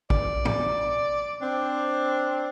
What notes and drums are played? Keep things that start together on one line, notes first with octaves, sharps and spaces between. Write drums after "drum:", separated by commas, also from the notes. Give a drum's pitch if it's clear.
D5, drum: kick
drum: tom
C4 D4